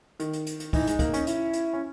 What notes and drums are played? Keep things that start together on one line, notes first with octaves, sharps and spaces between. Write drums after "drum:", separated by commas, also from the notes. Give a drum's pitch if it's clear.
D#3, drum: hi-hat
drum: hi-hat
drum: hi-hat
drum: hi-hat
E3 D#4, drum: kick, open hi-hat
G#3, drum: hi-hat
A#3, drum: kick, hi-hat
C#4, drum: hi-hat
E4, drum: hi-hat
drum: hi-hat
C#4